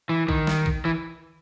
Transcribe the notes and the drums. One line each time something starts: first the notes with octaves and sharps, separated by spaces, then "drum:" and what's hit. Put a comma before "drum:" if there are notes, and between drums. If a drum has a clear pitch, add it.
E3
D#3, drum: kick A#1
drum: snare
drum: kick A#1
E3